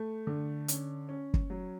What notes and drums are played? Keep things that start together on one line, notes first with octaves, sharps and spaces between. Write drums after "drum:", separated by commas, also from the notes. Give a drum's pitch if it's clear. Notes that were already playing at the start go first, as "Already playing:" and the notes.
Already playing: A3
D3
C#4, drum: hi-hat
C#4
drum: kick
F#3